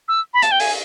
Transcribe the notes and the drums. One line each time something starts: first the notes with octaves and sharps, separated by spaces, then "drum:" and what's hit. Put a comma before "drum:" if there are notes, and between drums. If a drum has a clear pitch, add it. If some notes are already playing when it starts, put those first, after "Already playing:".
E6
B5
A5, drum: hi-hat
G5
G#5, drum: open hi-hat